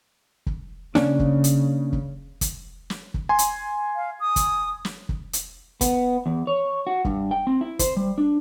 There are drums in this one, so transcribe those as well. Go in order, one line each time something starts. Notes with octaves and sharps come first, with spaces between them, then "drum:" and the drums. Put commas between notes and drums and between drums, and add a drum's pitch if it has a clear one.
drum: kick
C#3 A#3 C#4 D4, drum: snare
drum: kick
drum: hi-hat
drum: kick
drum: kick, hi-hat
drum: snare
drum: kick
G#5 C6
drum: hi-hat
F5
D#6
drum: kick, hi-hat
drum: snare
drum: kick
drum: hi-hat
B3, drum: kick, hi-hat
E2
C#5
F#4
G2, drum: kick
G5
C4
E4
C5, drum: kick, hi-hat
G3
D4